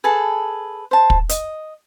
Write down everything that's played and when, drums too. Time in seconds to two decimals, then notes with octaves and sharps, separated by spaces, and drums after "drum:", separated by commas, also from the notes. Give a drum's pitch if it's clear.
0.04 G#4 A4 B4 A5
0.91 C5 A5
1.10 drum: kick
1.29 D#5, drum: hi-hat